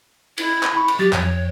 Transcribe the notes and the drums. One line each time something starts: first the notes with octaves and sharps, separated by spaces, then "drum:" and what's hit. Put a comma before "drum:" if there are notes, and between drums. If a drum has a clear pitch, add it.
E4, drum: cymbal
drum: clap
B5 C#6
drum: cymbal
F#3 G4 A6
F2 C#5, drum: clap